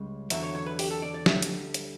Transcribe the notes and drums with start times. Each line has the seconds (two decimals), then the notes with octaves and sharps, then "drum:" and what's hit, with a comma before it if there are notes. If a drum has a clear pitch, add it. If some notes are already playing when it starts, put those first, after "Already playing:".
Already playing: C#2 C#3 G3
0.30 E2 D3 F#3 E5, drum: hi-hat
0.43 C#5
0.55 C#5
0.66 B4
0.79 G4, drum: open hi-hat
0.90 A4
1.02 D5
1.14 D5
1.26 D2 D3 G3 E5, drum: snare
1.42 drum: hi-hat
1.74 drum: hi-hat